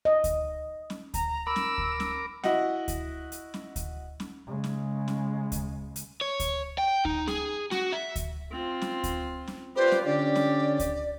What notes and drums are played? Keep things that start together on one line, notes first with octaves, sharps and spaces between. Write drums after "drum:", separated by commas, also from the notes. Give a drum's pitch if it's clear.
D#5
drum: kick D2, hi-hat
drum: snare C#4
A#5, drum: kick D2, hi-hat
A#4 B5 D6 E6
drum: snare C#4
drum: kick D2
drum: snare C#4
E4 F#4 D#5 F#5, drum: snare C#4
drum: kick D2, hi-hat
drum: hi-hat
drum: snare C#4
drum: kick D2, hi-hat
drum: snare C#4
C#3 G#3
drum: snare C#4
drum: snare C#4
drum: kick D2, hi-hat
drum: hi-hat
C#5
drum: kick D2, hi-hat
G5
D#4, drum: kick D2
G#4, drum: snare C#4
F#4, drum: snare C#4
E5
drum: kick D2, hi-hat
C4 F4
drum: snare C#4
drum: kick D2, hi-hat
drum: snare C#4
F4 G4 B4 C5 D5
drum: snare C#4
D3 C#4 D4 G4 D5
drum: snare C#4
drum: kick D2, hi-hat